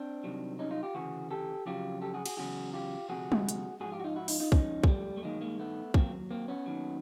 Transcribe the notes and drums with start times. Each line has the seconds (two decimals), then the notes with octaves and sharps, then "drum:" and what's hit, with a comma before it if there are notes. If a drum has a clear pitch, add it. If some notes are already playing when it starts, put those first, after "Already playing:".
Already playing: C4 D4
0.24 C2 C3 D#3 F#3
0.59 C#4 D#4
0.71 D#4 F4
0.83 F4 G4
0.95 D2 C#3 E3 F#4 G#4
1.31 G4 A4
1.66 F2 C#3 F#3 F4 G4
2.02 G4 A4
2.14 F#4 G#4
2.26 F#4 G#4, drum: cymbal
2.37 E2 C#3 F#3 F#4 G#4
2.74 F4 G4
3.09 D2 C3 F3 F#4 G#4
3.32 drum: tom G3
3.49 drum: hi-hat
3.80 G#2 F3 F#4 G#4
3.92 F4 G4
4.00 F#4
4.04 D#4 F4
4.16 E4 F#4
4.28 D#4 F4, drum: open hi-hat
4.40 D#4 F4
4.52 G#2 F3 C#4 D#4, drum: kick
4.83 G#3, drum: kick
4.88 G3 A3
5.17 A3
5.23 G2 D#3 F#3 G#3 A#3
5.41 G#3 A#3
5.59 A3 B3
5.94 D#2 D#3 F#3 A#3 C4, drum: kick
6.31 A#3 C4
6.48 B3 C#4
6.66 D#2 D#3 F#3